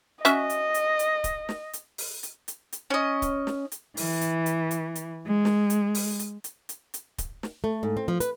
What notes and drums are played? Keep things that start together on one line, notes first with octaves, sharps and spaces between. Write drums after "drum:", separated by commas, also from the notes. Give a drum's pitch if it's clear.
C#4 F#4 D#5 E5, drum: hi-hat
drum: hi-hat
drum: hi-hat
drum: hi-hat
drum: kick D1, hi-hat
drum: snare
drum: hi-hat
drum: open hi-hat
drum: hi-hat
drum: hi-hat
drum: hi-hat
C#4 D#5
drum: kick D1, hi-hat
drum: snare
drum: hi-hat
E3, drum: open hi-hat
drum: hi-hat
drum: hi-hat
drum: hi-hat
drum: hi-hat
G#3
drum: snare
drum: hi-hat
drum: open hi-hat
drum: hi-hat
drum: hi-hat
drum: hi-hat
drum: hi-hat
drum: kick D1, hi-hat
drum: snare
A3
G#2
C4
F3
B4, drum: hi-hat